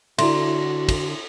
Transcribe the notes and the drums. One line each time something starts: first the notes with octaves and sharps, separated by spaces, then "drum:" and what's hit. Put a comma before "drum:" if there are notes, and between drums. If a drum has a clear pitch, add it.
D3 E4 F#4 E5 C6, drum: cymbal
drum: kick, cymbal